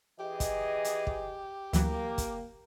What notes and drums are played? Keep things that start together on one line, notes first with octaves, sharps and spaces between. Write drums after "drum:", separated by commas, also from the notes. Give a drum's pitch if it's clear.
E3 G4 G#4 D#5
drum: kick, hi-hat
drum: hi-hat
drum: kick
D2 E3 F#3 A#3, drum: hi-hat
drum: kick, hi-hat